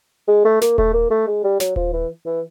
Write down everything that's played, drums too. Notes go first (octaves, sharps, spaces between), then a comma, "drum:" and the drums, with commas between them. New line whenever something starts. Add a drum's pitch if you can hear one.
G#3
A3
A#3, drum: snare
A3, drum: kick D#1
A#3
A3
G#3
G3
F#3, drum: snare
F3, drum: kick D#1
E3
E3